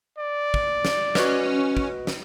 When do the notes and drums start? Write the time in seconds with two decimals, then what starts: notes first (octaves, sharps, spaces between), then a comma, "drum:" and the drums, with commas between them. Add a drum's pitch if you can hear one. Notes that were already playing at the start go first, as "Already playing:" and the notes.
0.19 D5
0.54 drum: kick
0.85 drum: snare
1.15 C#4 F#4 B4 D#5, drum: snare
1.77 drum: kick
2.07 drum: snare